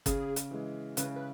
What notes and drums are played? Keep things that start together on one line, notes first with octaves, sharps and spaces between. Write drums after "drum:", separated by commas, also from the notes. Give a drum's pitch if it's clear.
C#3 G#4, drum: kick G1, hi-hat
drum: hi-hat
E3 G#3
C#3 B4, drum: hi-hat
B4